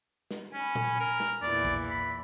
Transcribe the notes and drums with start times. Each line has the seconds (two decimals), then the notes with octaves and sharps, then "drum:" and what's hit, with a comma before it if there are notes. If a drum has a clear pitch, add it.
0.31 drum: snare
0.54 C#4 G#5 B5
0.75 drum: tom A#2
1.00 A#4
1.20 drum: snare
1.42 E2 A#2 E3 D5
1.65 drum: kick
1.90 B5